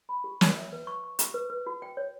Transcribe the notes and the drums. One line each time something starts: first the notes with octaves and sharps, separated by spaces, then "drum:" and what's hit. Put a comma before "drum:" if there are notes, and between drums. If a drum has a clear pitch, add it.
B5
G4
C#5, drum: snare
E5
B4
C#6
C#6
C#6, drum: hi-hat
B4
B4
F#4
G5
C#5